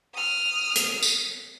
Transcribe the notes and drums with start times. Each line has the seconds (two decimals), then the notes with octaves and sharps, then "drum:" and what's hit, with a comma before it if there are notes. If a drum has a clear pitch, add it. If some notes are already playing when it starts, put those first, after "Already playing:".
0.15 D#6 F6
0.76 drum: hi-hat
1.03 drum: tambourine